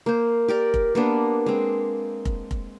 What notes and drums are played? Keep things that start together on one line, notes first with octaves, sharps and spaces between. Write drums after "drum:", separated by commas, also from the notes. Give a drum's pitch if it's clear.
A#3 C5
G4 A#4 D5
drum: kick F1
A#3 B3 D4
G#3 C4
drum: kick F1
drum: kick F1